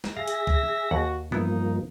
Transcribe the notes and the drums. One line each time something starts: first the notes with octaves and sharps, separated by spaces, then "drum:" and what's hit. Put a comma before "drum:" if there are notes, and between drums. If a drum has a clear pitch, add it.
drum: snare
G#4 E5 F5 A#6
drum: hi-hat
drum: kick
D#2 F#4 F#5
G2 F3 A#3 B3 D#4 E4, drum: tom A2